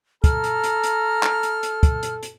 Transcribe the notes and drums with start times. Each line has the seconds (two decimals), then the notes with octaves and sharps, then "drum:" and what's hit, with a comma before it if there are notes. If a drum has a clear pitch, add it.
0.24 A4 A#5 F6, drum: kick, hi-hat
0.44 drum: hi-hat
0.64 drum: hi-hat
0.83 drum: hi-hat
1.23 drum: clap
1.43 drum: hi-hat
1.63 drum: hi-hat
1.83 drum: kick, hi-hat
2.03 drum: hi-hat
2.23 drum: hi-hat